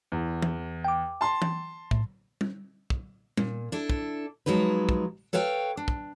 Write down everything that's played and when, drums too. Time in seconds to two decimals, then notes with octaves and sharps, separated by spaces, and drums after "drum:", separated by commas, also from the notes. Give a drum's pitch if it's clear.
0.12 E2
0.42 drum: tom E3
0.84 G5 D6
1.21 A5 C6
1.42 drum: tom E3
1.91 A2, drum: kick
2.41 drum: tom
2.90 drum: kick
3.37 A#2, drum: tom
3.72 D4 E4 A4
3.90 drum: kick
4.46 F3 F#3 G#3 D#4 B4
4.89 drum: kick
5.33 A4 B4 C#5 F5 G5
5.77 D4
5.88 drum: kick